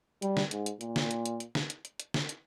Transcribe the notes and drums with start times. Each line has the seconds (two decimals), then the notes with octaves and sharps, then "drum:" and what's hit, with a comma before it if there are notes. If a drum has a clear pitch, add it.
0.22 G3, drum: hi-hat
0.37 drum: snare
0.51 G#2, drum: hi-hat
0.66 drum: hi-hat
0.81 A#2, drum: hi-hat
0.96 drum: snare
1.11 drum: hi-hat
1.26 drum: hi-hat
1.40 drum: hi-hat
1.55 drum: snare
1.70 drum: hi-hat
1.85 drum: hi-hat
2.00 drum: hi-hat
2.14 drum: snare
2.29 drum: hi-hat